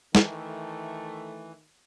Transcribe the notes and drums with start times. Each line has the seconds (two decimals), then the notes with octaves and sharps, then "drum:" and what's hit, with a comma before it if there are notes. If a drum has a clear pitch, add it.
0.15 D#3 E3 A3, drum: snare